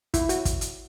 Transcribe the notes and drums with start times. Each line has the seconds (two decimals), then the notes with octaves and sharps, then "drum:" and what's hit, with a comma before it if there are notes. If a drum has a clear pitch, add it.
0.14 E4, drum: kick, hi-hat
0.29 F#4, drum: hi-hat
0.45 drum: kick, hi-hat
0.61 drum: hi-hat